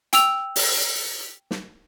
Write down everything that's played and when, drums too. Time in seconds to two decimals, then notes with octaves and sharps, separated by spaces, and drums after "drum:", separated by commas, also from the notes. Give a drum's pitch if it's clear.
0.13 G5 E6 F7, drum: hi-hat
0.56 drum: open hi-hat
1.51 drum: snare